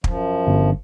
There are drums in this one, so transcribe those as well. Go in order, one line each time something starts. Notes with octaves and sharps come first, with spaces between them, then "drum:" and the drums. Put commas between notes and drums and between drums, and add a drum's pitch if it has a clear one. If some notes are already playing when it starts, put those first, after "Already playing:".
F#2 F3, drum: kick
G1